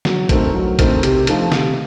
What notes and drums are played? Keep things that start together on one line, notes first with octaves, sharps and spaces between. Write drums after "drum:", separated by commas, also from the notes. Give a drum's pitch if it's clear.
F#3, drum: snare
A3 C4 D#4 A#4, drum: kick, hi-hat
F#3
A3 C4 D#4 A#4, drum: kick, hi-hat
C3, drum: hi-hat
F3 A3 D#4 A4, drum: hi-hat
C3, drum: snare